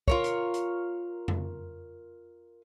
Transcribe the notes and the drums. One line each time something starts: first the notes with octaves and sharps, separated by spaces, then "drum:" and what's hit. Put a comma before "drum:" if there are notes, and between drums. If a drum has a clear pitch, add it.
F4 A#4 C#5, drum: kick
drum: hi-hat
drum: hi-hat
drum: tom F2